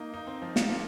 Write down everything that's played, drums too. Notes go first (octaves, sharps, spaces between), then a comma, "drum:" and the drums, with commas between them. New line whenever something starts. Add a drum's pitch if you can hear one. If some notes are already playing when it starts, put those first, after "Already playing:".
Already playing: A#3 D#4
D#4
C4
F3
F3, drum: snare
A#3